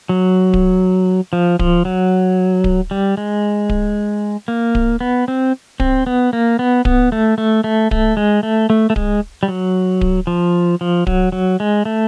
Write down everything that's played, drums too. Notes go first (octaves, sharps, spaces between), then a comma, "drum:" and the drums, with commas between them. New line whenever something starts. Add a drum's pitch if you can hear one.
F#3
drum: kick D1
F3
F3, drum: kick D1
F#3
drum: kick D1
G3
G#3
drum: kick D1
A#3
drum: kick D1
B3
C4
C4, drum: kick D1
B3
A#3
B3
B3, drum: kick D1
A3
A3
A3
A3, drum: kick D1
G#3
A3
A3
A3
G#3, drum: kick D1
G3
F#3
drum: kick D1
F3
F3
F#3, drum: kick D1
F#3
G#3
A3